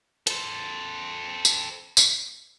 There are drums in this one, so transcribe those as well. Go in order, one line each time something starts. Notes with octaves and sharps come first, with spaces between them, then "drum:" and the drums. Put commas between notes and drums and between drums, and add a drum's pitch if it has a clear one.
A4 C5, drum: hi-hat
drum: tambourine
drum: tambourine